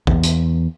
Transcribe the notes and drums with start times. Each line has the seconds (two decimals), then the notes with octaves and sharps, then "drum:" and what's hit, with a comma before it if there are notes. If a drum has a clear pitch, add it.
0.07 E2, drum: kick
0.23 drum: hi-hat